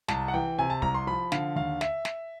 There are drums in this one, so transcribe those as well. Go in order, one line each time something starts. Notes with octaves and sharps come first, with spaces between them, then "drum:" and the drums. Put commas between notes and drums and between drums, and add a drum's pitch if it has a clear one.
C2 A5, drum: snare
F#5
E3 G5
C3 G#5
A5
C2 A#5, drum: kick
C6
F3 B5
D3 F5, drum: snare
D#2 F5
E5, drum: snare
drum: snare